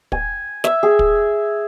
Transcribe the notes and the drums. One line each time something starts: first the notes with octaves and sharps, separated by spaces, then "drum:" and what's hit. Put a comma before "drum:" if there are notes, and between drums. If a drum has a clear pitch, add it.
G#5, drum: kick
E5, drum: snare
G#4
drum: kick